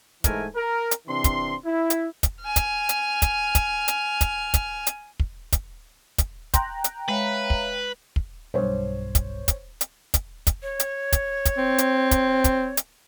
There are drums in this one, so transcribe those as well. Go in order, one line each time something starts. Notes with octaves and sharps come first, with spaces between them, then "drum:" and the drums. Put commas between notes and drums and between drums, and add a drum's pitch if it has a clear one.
G#2 E3 G#3 A3 A#4 G#5, drum: kick, hi-hat
A#4
drum: hi-hat
C3 E3 C4 D4 C6
drum: kick, hi-hat
E4
drum: hi-hat
drum: kick, hi-hat
G#5 F6
drum: kick, hi-hat
drum: hi-hat
drum: kick, hi-hat
drum: kick, hi-hat
drum: hi-hat
drum: kick, hi-hat
drum: kick, hi-hat
drum: hi-hat
drum: kick
drum: kick, hi-hat
drum: kick, hi-hat
G5 A#5 C6 F#6, drum: kick, hi-hat
drum: hi-hat
G#3 B4 C#5 E5 F5
drum: kick
drum: kick
B1 G2 C5 C#5
drum: kick, hi-hat
drum: kick, hi-hat
drum: hi-hat
drum: kick, hi-hat
drum: kick, hi-hat
C#5
drum: hi-hat
drum: kick, hi-hat
drum: kick, hi-hat
C4
drum: hi-hat
drum: kick, hi-hat
drum: kick, hi-hat
drum: hi-hat